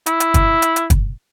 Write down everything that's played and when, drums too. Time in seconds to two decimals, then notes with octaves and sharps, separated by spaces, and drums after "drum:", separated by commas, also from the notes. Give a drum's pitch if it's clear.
0.06 E4, drum: hi-hat
0.20 drum: hi-hat
0.34 drum: kick, hi-hat
0.62 drum: hi-hat
0.76 drum: hi-hat
0.90 drum: kick, hi-hat